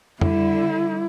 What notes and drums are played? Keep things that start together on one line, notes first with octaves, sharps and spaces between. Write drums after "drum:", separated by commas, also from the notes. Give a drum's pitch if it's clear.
D3 G3 E4, drum: tom F2